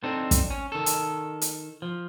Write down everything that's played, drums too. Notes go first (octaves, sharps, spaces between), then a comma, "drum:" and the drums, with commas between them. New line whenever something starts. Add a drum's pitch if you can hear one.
C4 D4 D#4 A4
drum: kick, hi-hat
C#4
D#3 A4
drum: hi-hat
drum: hi-hat
F3